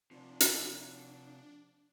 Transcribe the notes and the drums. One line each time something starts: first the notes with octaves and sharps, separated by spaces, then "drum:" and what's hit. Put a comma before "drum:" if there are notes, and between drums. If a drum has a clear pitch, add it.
C3 F3 D4
drum: hi-hat